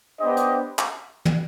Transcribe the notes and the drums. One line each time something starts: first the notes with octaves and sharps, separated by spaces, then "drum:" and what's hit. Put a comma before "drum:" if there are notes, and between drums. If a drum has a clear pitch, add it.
B3 D4 G4 C5 D#5
drum: hi-hat
drum: clap
drum: tom